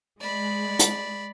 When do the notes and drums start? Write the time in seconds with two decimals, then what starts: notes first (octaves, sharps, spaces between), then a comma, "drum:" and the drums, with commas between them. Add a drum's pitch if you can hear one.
0.20 G#3 D5 B5
0.79 drum: hi-hat